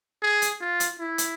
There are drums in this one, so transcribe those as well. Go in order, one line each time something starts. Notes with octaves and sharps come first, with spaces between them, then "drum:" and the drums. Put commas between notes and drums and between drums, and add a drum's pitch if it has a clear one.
G#4
drum: hi-hat
F4
drum: hi-hat
E4
drum: hi-hat